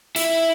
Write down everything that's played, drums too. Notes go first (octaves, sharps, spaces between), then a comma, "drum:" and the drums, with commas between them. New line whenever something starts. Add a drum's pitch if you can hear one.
E4, drum: hi-hat